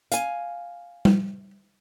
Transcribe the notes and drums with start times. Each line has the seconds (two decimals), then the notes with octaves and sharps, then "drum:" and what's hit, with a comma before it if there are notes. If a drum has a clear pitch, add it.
0.12 F5 G#5, drum: hi-hat
1.05 drum: tom G3